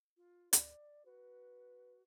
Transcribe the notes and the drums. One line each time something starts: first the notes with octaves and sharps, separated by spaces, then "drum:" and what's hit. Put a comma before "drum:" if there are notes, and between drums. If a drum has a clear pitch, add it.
F4
D5, drum: hi-hat
F#4 B4